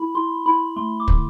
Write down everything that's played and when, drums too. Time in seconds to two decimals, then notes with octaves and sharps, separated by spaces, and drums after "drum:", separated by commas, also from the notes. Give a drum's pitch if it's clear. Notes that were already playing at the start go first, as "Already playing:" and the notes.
Already playing: E4 B5
0.15 E4 C6
0.46 E4 B5
0.76 A3 C6
1.00 D6
1.08 D3, drum: kick